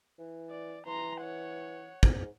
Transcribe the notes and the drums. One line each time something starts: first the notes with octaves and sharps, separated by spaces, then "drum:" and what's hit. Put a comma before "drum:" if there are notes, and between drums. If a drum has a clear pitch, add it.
E3
D5
E3 A#5 C6
C#5 F#5
G#2, drum: kick